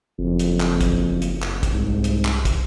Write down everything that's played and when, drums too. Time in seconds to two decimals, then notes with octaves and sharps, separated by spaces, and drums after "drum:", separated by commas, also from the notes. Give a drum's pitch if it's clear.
0.19 F#1 F2
0.39 drum: hi-hat
0.60 drum: clap
0.81 drum: kick, hi-hat
1.22 drum: hi-hat
1.42 drum: clap
1.63 drum: kick, hi-hat
1.74 C2 G#2
2.04 drum: hi-hat
2.25 drum: clap
2.45 drum: kick, hi-hat